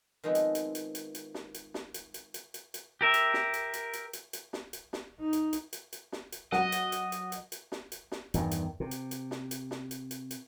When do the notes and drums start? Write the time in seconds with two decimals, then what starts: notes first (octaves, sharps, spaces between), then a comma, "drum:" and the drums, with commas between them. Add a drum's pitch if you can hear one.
0.24 D#3 F3 G#3 B3 C4
0.35 drum: hi-hat
0.55 drum: hi-hat
0.75 drum: hi-hat
0.95 drum: hi-hat
1.15 drum: hi-hat
1.35 drum: snare
1.54 drum: hi-hat
1.74 drum: snare
1.94 drum: hi-hat
2.14 drum: hi-hat
2.34 drum: hi-hat
2.54 drum: hi-hat
2.74 drum: hi-hat
3.01 G4 A#4 E5
3.14 drum: hi-hat
3.34 drum: snare
3.54 drum: hi-hat
3.73 drum: hi-hat
3.93 drum: hi-hat
4.13 drum: hi-hat
4.33 drum: hi-hat
4.53 drum: snare
4.73 drum: hi-hat
4.93 drum: snare
5.20 D#4
5.33 drum: hi-hat
5.53 drum: hi-hat
5.73 drum: hi-hat
5.93 drum: hi-hat
6.12 drum: snare
6.32 drum: hi-hat
6.52 F#3 D#5 F#5, drum: snare
6.72 drum: hi-hat
6.92 drum: hi-hat
7.12 drum: hi-hat
7.32 drum: hi-hat
7.52 drum: hi-hat
7.72 drum: snare
7.92 drum: hi-hat
8.12 drum: snare
8.34 E2 G2 D#3, drum: hi-hat
8.51 drum: hi-hat
8.80 C3
8.91 drum: hi-hat
9.11 drum: hi-hat
9.31 drum: snare
9.51 drum: hi-hat
9.71 drum: snare
9.91 drum: hi-hat
10.11 drum: hi-hat
10.31 drum: hi-hat